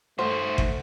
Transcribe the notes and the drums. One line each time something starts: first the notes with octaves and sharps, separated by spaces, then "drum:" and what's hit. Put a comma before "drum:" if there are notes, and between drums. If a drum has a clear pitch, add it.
D#3 A3 F#4 C5
drum: kick G1